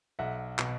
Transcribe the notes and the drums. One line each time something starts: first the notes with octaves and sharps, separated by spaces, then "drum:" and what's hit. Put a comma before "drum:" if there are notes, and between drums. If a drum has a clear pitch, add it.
B1 E5 F#5
B2, drum: clap